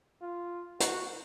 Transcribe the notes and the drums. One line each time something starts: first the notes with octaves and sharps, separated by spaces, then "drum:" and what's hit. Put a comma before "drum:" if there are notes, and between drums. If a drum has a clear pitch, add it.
F4
F#4, drum: hi-hat